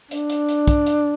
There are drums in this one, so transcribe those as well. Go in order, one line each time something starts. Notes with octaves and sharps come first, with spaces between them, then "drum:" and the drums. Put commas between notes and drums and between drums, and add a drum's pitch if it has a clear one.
D4, drum: hi-hat
drum: hi-hat
drum: hi-hat
drum: kick, hi-hat
drum: hi-hat